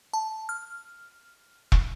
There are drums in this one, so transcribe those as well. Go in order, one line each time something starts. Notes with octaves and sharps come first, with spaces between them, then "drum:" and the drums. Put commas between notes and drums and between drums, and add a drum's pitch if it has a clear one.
A5
F6
drum: kick E1